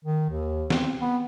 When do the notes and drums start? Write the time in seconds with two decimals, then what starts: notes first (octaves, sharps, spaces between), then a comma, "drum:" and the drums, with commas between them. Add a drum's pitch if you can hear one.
0.05 D#3
0.29 D#2
0.70 C4, drum: snare
1.01 B3